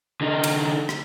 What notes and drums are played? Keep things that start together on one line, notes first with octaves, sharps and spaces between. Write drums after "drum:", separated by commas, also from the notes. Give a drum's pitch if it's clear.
D3 D#4
drum: cymbal
drum: rim click